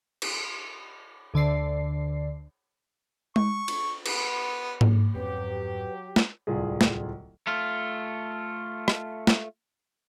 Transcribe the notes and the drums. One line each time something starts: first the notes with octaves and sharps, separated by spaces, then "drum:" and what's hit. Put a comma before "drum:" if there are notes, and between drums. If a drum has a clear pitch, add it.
drum: cymbal
D2 D3 D5 C7
C#6, drum: tom G#3
drum: cymbal
B3, drum: cymbal
drum: tom G#2
F2 G#2 F#3 C4 G4 B4
drum: snare
D1 C2 F4 G#4
drum: snare
A3 F4
drum: rim click
drum: snare